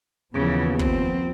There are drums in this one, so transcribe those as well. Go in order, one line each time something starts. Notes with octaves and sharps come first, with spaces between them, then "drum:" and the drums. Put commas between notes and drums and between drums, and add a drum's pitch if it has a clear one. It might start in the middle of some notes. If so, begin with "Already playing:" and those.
D#2 C#3 E3 F3 B3
C4, drum: kick